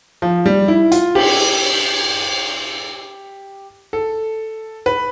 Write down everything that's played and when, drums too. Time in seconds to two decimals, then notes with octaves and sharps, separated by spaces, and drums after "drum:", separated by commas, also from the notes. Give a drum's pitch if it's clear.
0.22 F3
0.46 G3
0.68 E4
0.92 F4, drum: hi-hat
1.15 G4, drum: cymbal
3.93 A4
4.86 B4